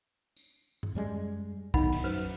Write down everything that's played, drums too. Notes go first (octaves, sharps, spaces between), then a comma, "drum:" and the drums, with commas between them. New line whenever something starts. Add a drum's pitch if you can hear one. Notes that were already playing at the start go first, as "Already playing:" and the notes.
drum: tambourine
drum: tom G2
F#2 G3 G#3
B1 D#3 D#4 F#5 B5, drum: kick A#1
drum: cymbal
F#2 B4 C5